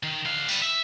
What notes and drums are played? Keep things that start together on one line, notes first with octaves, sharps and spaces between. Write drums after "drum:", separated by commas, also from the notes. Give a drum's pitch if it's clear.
D#3
D3 F5
G3 B3, drum: tambourine
E5